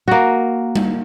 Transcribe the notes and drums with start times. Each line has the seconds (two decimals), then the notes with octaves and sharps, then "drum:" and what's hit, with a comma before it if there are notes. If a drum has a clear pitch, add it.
0.08 A#3 F#4
0.76 drum: tom G3